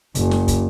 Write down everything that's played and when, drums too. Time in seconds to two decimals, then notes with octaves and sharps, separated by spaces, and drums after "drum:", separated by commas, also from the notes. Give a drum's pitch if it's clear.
0.15 F#1, drum: hi-hat
0.31 drum: snare
0.48 drum: kick, hi-hat